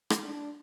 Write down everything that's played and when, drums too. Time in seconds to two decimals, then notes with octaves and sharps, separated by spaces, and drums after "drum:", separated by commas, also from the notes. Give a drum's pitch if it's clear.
0.10 drum: rim click
0.23 D4